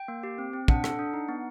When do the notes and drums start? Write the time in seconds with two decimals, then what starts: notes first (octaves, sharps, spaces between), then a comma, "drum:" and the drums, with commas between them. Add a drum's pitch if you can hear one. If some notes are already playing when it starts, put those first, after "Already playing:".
Already playing: G5
0.08 A#3
0.23 G4
0.38 C4
0.53 C4
0.68 D4 F#5, drum: kick
0.84 A4, drum: rim click
0.99 D4
1.13 D#4
1.29 B3